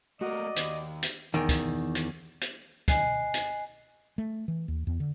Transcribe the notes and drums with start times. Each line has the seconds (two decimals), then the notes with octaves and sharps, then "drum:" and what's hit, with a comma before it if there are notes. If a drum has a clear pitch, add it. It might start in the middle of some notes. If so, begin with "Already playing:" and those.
0.21 A3 A#3 F#4 D5 D#5
0.56 D#2, drum: hi-hat
1.03 drum: hi-hat
1.34 E2 D#3
1.49 drum: kick, hi-hat
1.95 drum: hi-hat
2.41 drum: hi-hat
2.88 D#5 G#5 F#6 C7, drum: kick, hi-hat
3.34 drum: hi-hat
4.18 A3
4.48 E3
4.68 D#2
4.87 E2
5.00 D3